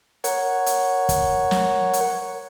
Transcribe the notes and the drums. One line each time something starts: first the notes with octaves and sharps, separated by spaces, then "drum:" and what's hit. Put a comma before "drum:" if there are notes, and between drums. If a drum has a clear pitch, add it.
A#4 C#5 F#5, drum: hi-hat
drum: hi-hat
drum: kick, hi-hat
drum: snare
drum: hi-hat